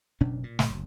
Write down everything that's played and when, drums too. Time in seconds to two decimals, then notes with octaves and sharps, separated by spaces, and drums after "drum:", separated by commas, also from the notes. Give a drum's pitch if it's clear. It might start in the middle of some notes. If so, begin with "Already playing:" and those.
0.21 F#1 B2 C#4 D4
0.44 A#2
0.59 G1 A2 A3, drum: snare
0.70 F#1 D2